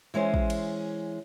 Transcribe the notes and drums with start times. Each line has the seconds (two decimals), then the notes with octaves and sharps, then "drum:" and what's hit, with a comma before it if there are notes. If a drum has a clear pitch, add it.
0.14 E3 G#3 C#4 C5
0.34 drum: kick
0.50 drum: cymbal